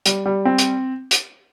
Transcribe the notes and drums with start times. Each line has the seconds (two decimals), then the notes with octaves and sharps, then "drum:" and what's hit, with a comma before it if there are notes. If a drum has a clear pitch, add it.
0.06 G3, drum: hi-hat
0.25 G3
0.45 C4
0.58 drum: hi-hat
1.11 drum: hi-hat